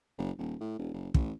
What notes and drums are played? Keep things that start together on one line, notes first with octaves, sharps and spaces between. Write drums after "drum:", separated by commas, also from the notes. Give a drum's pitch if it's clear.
F#1
D#1
A2
E1
F#1
A1, drum: kick